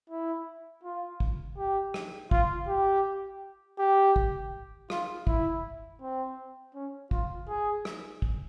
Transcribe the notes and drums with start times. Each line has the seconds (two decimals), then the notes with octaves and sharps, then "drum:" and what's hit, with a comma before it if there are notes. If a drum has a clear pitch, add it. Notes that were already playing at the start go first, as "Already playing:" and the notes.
0.10 E4
0.83 F4
1.20 drum: kick
1.58 G4
1.94 drum: rim click
2.31 F4, drum: kick
2.68 G4
3.79 G4
4.16 drum: kick
4.90 F4, drum: rim click
5.27 E4, drum: kick
6.01 C4
6.75 C#4
7.11 F4, drum: kick
7.48 G#4
7.85 drum: rim click
8.22 drum: kick